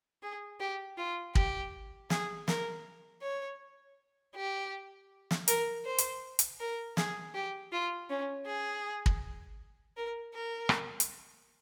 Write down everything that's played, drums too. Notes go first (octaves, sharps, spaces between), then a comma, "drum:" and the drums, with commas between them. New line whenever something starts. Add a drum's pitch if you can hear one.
G#4
G4
F4
G4, drum: kick
G#4, drum: snare
A#4, drum: snare
C#5
G4
drum: snare
A#4, drum: hi-hat
C5
drum: hi-hat
drum: hi-hat
A#4
G#4, drum: snare
G4
F4
C#4
G#4
drum: kick
A#4
A#4
drum: rim click
drum: hi-hat